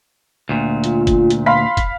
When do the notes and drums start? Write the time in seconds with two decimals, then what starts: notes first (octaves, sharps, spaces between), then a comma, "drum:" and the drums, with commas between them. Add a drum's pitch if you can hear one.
0.49 D2 A#2
0.84 F4, drum: hi-hat
1.07 drum: kick, hi-hat
1.30 drum: hi-hat
1.46 F5 B5 C6 B6
1.77 drum: kick, hi-hat